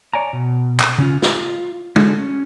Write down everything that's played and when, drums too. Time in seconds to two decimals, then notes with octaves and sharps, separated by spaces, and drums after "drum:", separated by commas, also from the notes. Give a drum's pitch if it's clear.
0.13 C#5 D5 G#5 A#5
0.33 B2
0.80 drum: clap
0.98 C#3 C#4 F4
1.22 F4, drum: snare
1.96 D3 F#4 G#4 A4, drum: tom
2.18 C#4